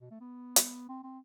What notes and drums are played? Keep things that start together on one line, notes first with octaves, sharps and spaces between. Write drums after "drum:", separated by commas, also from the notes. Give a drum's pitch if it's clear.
B2
A3
B3
drum: hi-hat
C4
C4